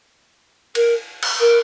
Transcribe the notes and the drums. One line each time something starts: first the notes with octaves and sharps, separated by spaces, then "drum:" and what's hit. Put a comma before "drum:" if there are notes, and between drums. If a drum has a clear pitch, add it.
A#4, drum: cymbal
drum: cymbal
A#4